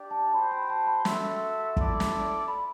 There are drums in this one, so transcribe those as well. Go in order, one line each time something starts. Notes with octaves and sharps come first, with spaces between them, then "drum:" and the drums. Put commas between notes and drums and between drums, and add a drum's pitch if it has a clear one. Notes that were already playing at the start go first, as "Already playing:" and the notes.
Already playing: D4 G4 D5
A5
F#4 C5 G5 B5
B5
A5
B5
F#4 A4 E5 C6, drum: snare
E4 A4 D5, drum: kick
drum: snare
B5